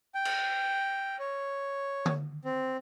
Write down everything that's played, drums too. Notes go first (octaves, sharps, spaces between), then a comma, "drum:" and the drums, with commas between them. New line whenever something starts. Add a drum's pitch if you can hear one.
G5
drum: cymbal
C#5
drum: tom D3
C4